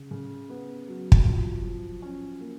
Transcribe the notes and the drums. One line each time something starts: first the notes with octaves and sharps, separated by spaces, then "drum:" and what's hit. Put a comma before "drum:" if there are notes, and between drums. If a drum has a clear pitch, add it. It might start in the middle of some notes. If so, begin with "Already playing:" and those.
Already playing: C#3
C#3
B3
F#3
drum: kick
F3
F3
C#4
A#3